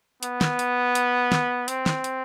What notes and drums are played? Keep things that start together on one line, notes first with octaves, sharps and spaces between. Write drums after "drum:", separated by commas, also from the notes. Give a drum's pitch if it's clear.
B3, drum: hi-hat
drum: snare
drum: hi-hat
drum: hi-hat
drum: snare
C4, drum: hi-hat
drum: snare
drum: hi-hat